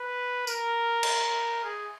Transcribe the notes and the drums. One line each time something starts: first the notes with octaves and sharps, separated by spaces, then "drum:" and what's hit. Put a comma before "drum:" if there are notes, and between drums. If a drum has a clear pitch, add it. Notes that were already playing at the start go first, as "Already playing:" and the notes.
Already playing: B4
A#4, drum: tambourine
drum: cymbal
G#4